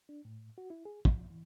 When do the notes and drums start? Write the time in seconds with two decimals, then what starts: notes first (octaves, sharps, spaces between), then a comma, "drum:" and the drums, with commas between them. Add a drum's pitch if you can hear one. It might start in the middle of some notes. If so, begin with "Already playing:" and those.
0.09 D4
0.25 A2
0.58 F#4
0.70 E4
0.85 G#4
1.05 F3, drum: kick
1.30 E3